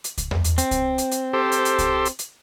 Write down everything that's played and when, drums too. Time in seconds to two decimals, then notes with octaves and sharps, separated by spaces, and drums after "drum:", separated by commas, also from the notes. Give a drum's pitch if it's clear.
0.04 drum: hi-hat
0.18 drum: kick C2, hi-hat
0.31 drum: tom E2
0.44 drum: hi-hat
0.58 C4, drum: hi-hat
0.71 drum: kick C2, hi-hat
0.98 drum: hi-hat
1.12 drum: hi-hat
1.33 G4 A4 C5
1.52 drum: hi-hat
1.65 drum: hi-hat
1.79 drum: kick C2, hi-hat
2.05 drum: hi-hat
2.19 drum: hi-hat